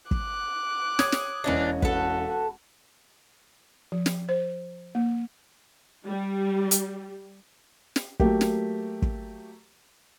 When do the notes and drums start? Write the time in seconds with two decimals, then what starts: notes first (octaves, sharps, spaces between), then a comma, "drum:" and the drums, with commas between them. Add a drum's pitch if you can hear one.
0.11 D6 F#6, drum: kick
0.99 C#5 D#6 G#6, drum: snare
1.12 drum: snare
1.44 E1 E3 A#3 C#4 D4 D#5
1.82 F#4 A4 B4, drum: kick
3.92 F3
4.06 drum: snare
4.29 C5
4.95 A#3
6.07 G3
6.71 drum: hi-hat
7.96 drum: snare
8.20 F#3 A3 A#3 G4, drum: kick
8.41 drum: snare
9.02 drum: kick